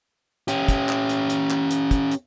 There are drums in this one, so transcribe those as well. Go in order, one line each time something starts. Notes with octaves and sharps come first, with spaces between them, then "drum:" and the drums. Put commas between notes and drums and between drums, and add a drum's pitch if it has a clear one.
C#4 G4, drum: hi-hat
drum: kick, hi-hat
drum: clap
drum: hi-hat
drum: hi-hat
drum: clap
drum: hi-hat
drum: kick, hi-hat
drum: hi-hat